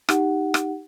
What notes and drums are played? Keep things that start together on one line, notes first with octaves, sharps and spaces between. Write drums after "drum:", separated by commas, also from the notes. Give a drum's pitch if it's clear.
D#4 G4 F#5, drum: rim click
drum: rim click